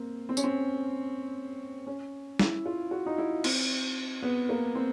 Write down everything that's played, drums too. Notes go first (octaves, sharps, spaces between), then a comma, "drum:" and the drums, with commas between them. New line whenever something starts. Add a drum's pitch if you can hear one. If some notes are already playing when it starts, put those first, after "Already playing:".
Already playing: A#3 C4
C4
C#4, drum: tambourine
C4
C#4
E4, drum: snare
F4
F#4
D#4
E4
C4, drum: cymbal
B3
A#3
C4